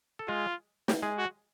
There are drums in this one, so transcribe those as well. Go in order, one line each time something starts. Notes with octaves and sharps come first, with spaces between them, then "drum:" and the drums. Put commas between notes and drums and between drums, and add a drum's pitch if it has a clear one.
A4
G#3 F4 G#4
G3 G4, drum: snare
G#3 G#4
F#4